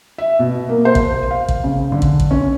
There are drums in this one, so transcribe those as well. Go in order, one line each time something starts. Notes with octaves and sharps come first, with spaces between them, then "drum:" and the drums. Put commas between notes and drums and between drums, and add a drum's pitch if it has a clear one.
E5
B2
A#3
C5
drum: kick
F5
drum: kick
C#3
D3
drum: kick
drum: kick
C#4